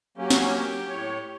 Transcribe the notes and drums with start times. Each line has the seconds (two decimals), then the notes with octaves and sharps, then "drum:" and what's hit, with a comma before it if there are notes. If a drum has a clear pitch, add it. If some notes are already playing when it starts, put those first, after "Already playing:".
0.17 F#3 A#3 C#4 G4
0.30 drum: snare
0.89 A2 C#5